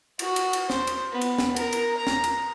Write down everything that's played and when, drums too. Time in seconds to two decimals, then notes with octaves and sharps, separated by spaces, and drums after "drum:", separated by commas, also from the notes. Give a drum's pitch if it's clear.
0.19 F#4, drum: cymbal
0.36 drum: cymbal
0.53 drum: cymbal
0.70 C5, drum: snare
0.87 drum: cymbal
1.12 B3
1.21 drum: cymbal
1.38 drum: snare
1.56 A#4, drum: cymbal
1.73 drum: cymbal
1.98 A#5
2.07 drum: snare
2.24 drum: cymbal